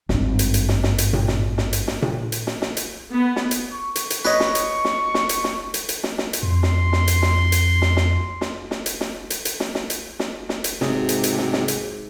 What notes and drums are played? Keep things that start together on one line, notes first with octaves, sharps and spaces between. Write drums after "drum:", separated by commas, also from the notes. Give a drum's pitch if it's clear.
G#1 G2, drum: snare
drum: hi-hat
drum: hi-hat
drum: snare
drum: snare
drum: hi-hat
drum: tom A#2
drum: snare
drum: snare
drum: hi-hat
drum: snare
drum: tom A#2
drum: hi-hat
drum: snare
drum: snare
drum: hi-hat
B3
drum: snare
drum: hi-hat
C#6
drum: hi-hat
drum: hi-hat
B4 C#5 D#5 C#6, drum: snare
drum: snare
drum: hi-hat
drum: snare
drum: snare
drum: hi-hat
drum: snare
drum: hi-hat
drum: hi-hat
drum: snare
drum: snare
drum: hi-hat
F2 C6
drum: snare
drum: snare
drum: hi-hat
drum: snare
drum: hi-hat
drum: snare
drum: snare
drum: snare
drum: snare
drum: hi-hat
drum: snare
drum: hi-hat
drum: hi-hat
drum: snare
drum: snare
drum: hi-hat
drum: snare
drum: snare
drum: hi-hat
G#2 C3 F#3 G#4, drum: snare
drum: hi-hat
drum: hi-hat
drum: snare
drum: snare
drum: hi-hat